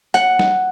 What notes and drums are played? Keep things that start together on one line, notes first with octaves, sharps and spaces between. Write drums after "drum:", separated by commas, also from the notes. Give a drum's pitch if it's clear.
F#5, drum: hi-hat
drum: snare